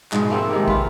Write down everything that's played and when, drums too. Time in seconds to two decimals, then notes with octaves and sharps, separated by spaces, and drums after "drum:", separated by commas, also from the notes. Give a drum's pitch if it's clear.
0.12 G#2 B2 F3 G#3, drum: clap
0.30 A3 A#3 C4 A4
0.51 C3 D#3 G#3
0.68 F4 B4, drum: kick